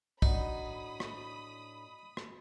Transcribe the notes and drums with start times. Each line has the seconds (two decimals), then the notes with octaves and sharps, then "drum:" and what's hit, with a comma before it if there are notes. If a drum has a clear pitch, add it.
0.22 A2 D4 D#4 F#4 B5 D#6, drum: kick
1.00 drum: rim click
2.17 drum: rim click